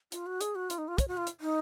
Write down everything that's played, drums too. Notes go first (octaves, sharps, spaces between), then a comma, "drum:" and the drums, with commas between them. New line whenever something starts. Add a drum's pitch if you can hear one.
F4, drum: hi-hat
F#4
G#4, drum: hi-hat
F#4
F4, drum: hi-hat
D#4
F4
C#5, drum: kick, hi-hat
F#4
F4
drum: hi-hat
D#4